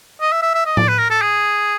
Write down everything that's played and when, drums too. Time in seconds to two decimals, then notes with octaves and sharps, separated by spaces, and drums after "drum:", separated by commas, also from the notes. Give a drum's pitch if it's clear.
0.21 D#5
0.32 E5
0.42 E5
0.55 E5
0.66 D#5
0.77 D5, drum: tom A2
0.88 B4
0.98 A#4
1.10 A4
1.22 G#4